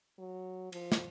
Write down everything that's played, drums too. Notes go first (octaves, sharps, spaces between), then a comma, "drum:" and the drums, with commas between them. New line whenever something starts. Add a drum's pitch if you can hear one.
F#3
F3, drum: cymbal
drum: snare